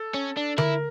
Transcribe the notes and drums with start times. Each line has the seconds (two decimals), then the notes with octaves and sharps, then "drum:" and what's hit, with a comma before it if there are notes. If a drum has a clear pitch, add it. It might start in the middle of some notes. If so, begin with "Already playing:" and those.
Already playing: A4
0.14 C#4
0.37 D4
0.58 E4 A#4, drum: tom D3